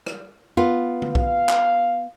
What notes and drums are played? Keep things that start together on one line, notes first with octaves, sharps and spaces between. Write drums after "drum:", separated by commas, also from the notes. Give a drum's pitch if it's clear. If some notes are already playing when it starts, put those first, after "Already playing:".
drum: rim click
B3 F4
drum: tom
F5, drum: kick B1
drum: clap